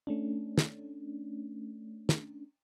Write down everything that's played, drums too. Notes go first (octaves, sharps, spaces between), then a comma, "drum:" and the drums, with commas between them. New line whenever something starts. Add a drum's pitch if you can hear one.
A3 C#4 D4
drum: snare
drum: snare